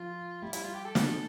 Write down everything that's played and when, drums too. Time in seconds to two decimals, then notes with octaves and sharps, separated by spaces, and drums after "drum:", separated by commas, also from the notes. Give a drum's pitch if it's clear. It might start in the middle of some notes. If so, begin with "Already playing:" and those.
Already playing: F3 F4
0.42 G3 E4
0.53 E4, drum: hi-hat
0.63 F4
0.74 G4
0.85 A4
0.95 drum: snare